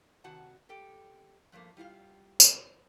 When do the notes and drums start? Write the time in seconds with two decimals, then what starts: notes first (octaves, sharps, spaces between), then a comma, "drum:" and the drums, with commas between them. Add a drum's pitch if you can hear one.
0.24 C3 D#3 F#4 F#5 A5
0.69 G4 A4 G5
1.52 G2 F3 A3 A#3
1.77 G3 E4 F4 F5
2.40 drum: tambourine